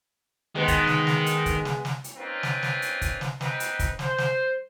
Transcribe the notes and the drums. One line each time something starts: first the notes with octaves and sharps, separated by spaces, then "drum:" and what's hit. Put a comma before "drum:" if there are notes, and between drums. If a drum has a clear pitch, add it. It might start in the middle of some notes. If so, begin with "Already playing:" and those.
D#3 G#3 B3
drum: kick, hi-hat
drum: snare
drum: snare
drum: hi-hat
drum: kick, hi-hat
drum: snare
drum: snare
drum: hi-hat
A#3 C4 C#4 D#4 F4 B4
drum: snare
drum: snare
drum: hi-hat
drum: kick, hi-hat
drum: snare
B3 C4 D#4 B4, drum: snare
drum: hi-hat
drum: kick, hi-hat
C5, drum: snare
drum: snare